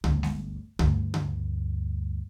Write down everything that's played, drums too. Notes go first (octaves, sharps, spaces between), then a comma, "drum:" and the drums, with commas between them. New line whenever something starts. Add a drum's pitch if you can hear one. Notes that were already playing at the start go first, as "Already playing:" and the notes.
G1 D2, drum: tom C#3
drum: snare G#3
D2 G2, drum: tom C#3
drum: tom C#3